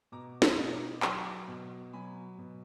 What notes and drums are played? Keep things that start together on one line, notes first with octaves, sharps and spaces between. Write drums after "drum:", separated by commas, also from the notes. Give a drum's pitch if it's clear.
B2 A#5 D6
B5 D#6, drum: snare
B2
A#5 D6
F#3 A#5 D6, drum: clap
B2
F#3 G#5 B5
B2